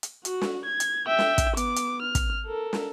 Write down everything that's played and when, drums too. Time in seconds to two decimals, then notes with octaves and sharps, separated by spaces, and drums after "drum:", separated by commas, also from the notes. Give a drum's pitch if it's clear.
0.03 drum: hi-hat
0.25 F#4, drum: hi-hat
0.41 drum: snare
0.65 G#6
0.80 drum: hi-hat
1.08 E5 G5
1.19 drum: snare
1.38 drum: kick, hi-hat
1.57 B3 D6, drum: hi-hat
1.76 drum: hi-hat
2.02 F6
2.15 drum: kick, hi-hat
2.47 A4 A#4
2.73 drum: snare